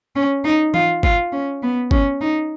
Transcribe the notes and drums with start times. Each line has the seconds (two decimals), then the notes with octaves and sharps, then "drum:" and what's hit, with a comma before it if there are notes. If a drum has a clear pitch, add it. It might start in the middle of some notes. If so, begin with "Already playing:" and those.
0.16 C#4
0.45 D#4
0.74 F4, drum: tom E3
1.03 F4, drum: kick G1
1.32 C#4
1.63 B3
1.91 C#4, drum: kick G1
2.21 D#4